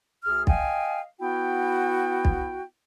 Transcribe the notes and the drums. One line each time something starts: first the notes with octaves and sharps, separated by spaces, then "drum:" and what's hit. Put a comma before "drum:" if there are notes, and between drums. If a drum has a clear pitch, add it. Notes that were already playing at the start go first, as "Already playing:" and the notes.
D2 G#4 F6
D#5 F5 G5 G#5, drum: kick
B3 E4 F#4 G5
drum: kick